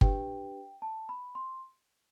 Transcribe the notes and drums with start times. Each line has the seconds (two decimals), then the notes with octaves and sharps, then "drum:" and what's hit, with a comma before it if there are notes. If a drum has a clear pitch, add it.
0.01 D4 G4 B4 G5, drum: kick G1
0.82 A5
1.09 B5
1.35 C6